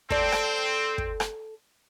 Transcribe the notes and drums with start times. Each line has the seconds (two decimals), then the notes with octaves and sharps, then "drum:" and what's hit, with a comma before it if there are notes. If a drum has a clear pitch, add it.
0.10 C4 A4 D5, drum: kick
0.32 drum: rim click
0.98 drum: kick
1.20 drum: rim click